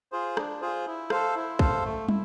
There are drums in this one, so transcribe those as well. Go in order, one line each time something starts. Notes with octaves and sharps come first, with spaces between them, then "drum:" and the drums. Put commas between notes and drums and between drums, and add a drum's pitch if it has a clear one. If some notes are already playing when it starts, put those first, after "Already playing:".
F4 G#4 C5
D4, drum: rim click
F4 G#4 C5
E4
A4 C5 F5, drum: rim click
E4
A4 C5 F5, drum: kick
A3
E4, drum: tom